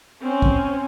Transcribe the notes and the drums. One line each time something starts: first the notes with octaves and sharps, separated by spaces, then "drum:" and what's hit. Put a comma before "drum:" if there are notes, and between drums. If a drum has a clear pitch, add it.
C4 C#4
drum: kick